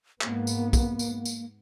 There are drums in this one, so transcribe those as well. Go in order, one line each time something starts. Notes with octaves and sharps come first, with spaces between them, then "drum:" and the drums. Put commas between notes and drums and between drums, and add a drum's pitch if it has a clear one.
G#2 A#3 B3, drum: clap
drum: tambourine
drum: kick B1, tambourine
drum: tambourine
drum: tambourine